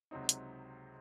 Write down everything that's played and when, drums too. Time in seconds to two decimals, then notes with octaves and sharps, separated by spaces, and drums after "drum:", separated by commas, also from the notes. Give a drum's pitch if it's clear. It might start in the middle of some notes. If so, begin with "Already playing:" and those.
0.11 C#2 C3 F#3 C4 D#4
0.29 drum: hi-hat